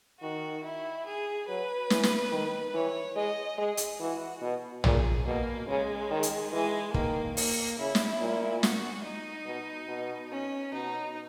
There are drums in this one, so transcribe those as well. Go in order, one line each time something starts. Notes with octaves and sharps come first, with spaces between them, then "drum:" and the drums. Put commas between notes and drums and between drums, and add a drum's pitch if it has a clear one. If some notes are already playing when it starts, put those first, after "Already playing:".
D#3 F#4
E4
G#4
F#3 B4
E3, drum: snare
drum: snare
D#3
E3 C#5
G#3 D#5
G#3 G#4
drum: hi-hat
E3 F#4
B2
A#2 G#4, drum: tom
B2 A#3
C#3 G#3
D#3
drum: hi-hat
E3 G#3
D#3 A#3, drum: kick
A#3, drum: open hi-hat
C#3 E4
drum: snare
A#2
F#4, drum: snare
D#4
B2
B2
C#4
B2 D#4